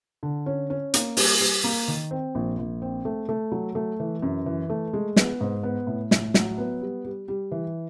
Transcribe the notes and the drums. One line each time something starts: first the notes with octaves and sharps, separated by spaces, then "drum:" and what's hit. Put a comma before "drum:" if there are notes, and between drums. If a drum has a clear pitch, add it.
D3
C#4
C#4
A#3, drum: hi-hat
G3, drum: open hi-hat
G3
A#3
D#3
C4
A#1
A#1
C4
A3
A3
F#3
A3
E3
F#2
E3
A3
G#3
B3, drum: snare
G#2
B3
A2
A2, drum: snare
F#3, drum: snare
B3
G3
G3
G3
E3